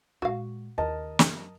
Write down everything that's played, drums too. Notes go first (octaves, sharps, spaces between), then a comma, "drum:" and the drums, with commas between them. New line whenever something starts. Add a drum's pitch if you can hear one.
A#2 G#3 F#4 F5
D#2 C#3 A#4 D#5 A5
F#2, drum: snare